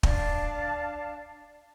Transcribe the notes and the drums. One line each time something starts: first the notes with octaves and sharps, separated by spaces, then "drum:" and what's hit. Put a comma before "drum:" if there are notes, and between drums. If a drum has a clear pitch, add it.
D4 D5 F5 A5, drum: kick